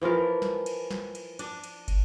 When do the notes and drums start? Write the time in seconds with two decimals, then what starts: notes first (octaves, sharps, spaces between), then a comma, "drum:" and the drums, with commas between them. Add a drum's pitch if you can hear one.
0.01 E3 F3 F4 A#4
0.42 drum: snare
0.66 drum: cymbal
0.91 drum: snare
1.15 drum: cymbal
1.39 D4, drum: cymbal
1.64 drum: cymbal
1.88 drum: kick, cymbal